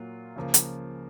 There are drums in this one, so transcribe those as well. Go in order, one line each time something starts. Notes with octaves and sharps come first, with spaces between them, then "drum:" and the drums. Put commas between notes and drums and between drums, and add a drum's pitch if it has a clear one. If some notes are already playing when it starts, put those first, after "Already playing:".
Already playing: A#2 F#3 A#3 F4
C#2 C#3 F3 A#3
drum: hi-hat